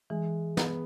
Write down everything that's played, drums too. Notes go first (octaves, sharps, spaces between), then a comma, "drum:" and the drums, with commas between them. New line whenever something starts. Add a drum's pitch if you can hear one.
E3 G#3
B3, drum: snare